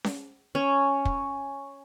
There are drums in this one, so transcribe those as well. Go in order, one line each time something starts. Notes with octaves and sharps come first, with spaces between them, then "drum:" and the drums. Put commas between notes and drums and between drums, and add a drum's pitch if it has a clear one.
drum: snare C#4
C#4
drum: kick